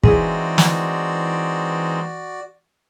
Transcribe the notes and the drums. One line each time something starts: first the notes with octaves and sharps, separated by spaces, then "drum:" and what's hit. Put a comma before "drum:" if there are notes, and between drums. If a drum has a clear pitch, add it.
E3 G#3 C4 D#4 E4 F#4 G#4 D5, drum: kick
drum: snare